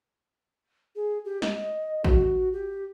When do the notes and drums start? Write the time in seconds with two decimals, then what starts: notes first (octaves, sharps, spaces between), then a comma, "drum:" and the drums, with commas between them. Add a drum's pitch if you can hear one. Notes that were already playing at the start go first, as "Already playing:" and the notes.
0.95 G#4
1.25 G4
1.42 D#5, drum: snare
2.04 F#4, drum: kick
2.53 G4